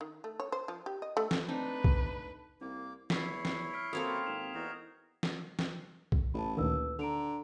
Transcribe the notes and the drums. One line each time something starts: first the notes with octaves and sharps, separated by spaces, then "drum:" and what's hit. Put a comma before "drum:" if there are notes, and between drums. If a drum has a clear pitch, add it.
D#3
A3
C#5
C5
F3
G4
D#5
A3
drum: snare
A3 C4 D4 D#4 B4
drum: kick B1
C2 A#3
E2 E4 C#5 B6 C7, drum: snare
drum: snare
F6 B6 D7
F#2 A#3 C4 A4 D#6 G#6 F7
G#1 E7
E2 D#4 F#4
drum: snare
drum: snare
drum: kick B1
A1 A5 B5
D2 A#2 D#3 B4 E6
D3 A#5 D7 F7